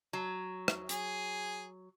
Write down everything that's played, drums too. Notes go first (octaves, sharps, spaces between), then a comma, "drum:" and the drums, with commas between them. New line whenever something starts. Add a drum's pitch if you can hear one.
F#3
drum: rim click
G#4, drum: hi-hat